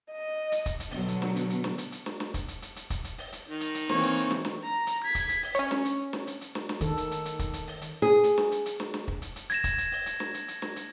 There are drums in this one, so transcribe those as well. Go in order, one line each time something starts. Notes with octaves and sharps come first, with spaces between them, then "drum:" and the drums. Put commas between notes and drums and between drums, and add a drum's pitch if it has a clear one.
D#5
drum: hi-hat
drum: kick, hi-hat
drum: hi-hat
B2 D3 F#3, drum: open hi-hat
drum: hi-hat
drum: snare
drum: hi-hat
drum: hi-hat
drum: snare
drum: hi-hat
drum: hi-hat
drum: snare
drum: snare
drum: kick, hi-hat
drum: hi-hat
drum: hi-hat
drum: hi-hat
drum: kick, hi-hat
drum: hi-hat
drum: open hi-hat
drum: hi-hat
D#3
drum: hi-hat
drum: hi-hat
E3 A#3 C4 C#5, drum: snare
drum: hi-hat
drum: hi-hat
drum: snare
drum: snare
A#5
drum: hi-hat
G#6 B6
drum: kick, hi-hat
drum: hi-hat
drum: open hi-hat
C#4 C#5, drum: hi-hat
drum: snare
drum: hi-hat
drum: snare
drum: hi-hat
drum: hi-hat
drum: snare
drum: snare
D#3 A4, drum: kick, hi-hat
drum: hi-hat
drum: hi-hat
drum: hi-hat
drum: kick, hi-hat
drum: hi-hat
drum: open hi-hat
drum: hi-hat
G#4
drum: hi-hat
drum: snare
drum: hi-hat
drum: hi-hat
drum: snare
drum: snare
drum: kick
drum: hi-hat
drum: hi-hat
G#6 A#6 E7, drum: hi-hat
drum: kick, hi-hat
drum: hi-hat
drum: open hi-hat
drum: hi-hat
drum: snare
drum: hi-hat
drum: hi-hat
drum: snare
drum: hi-hat